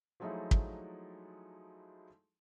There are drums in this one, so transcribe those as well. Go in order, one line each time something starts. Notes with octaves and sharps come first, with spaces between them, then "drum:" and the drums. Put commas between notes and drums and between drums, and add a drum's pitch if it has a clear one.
F3 F#3 G#3 A3 D#4 E4
drum: kick